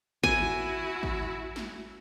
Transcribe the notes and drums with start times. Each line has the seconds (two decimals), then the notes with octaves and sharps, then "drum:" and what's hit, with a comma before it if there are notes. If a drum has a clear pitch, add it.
0.23 E4 F#4 G#5, drum: kick
1.03 drum: kick
1.56 drum: snare